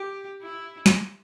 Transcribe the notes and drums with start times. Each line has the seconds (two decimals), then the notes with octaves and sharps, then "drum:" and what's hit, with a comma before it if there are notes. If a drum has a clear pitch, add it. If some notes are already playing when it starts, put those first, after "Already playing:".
Already playing: G4
0.42 E4
0.86 drum: snare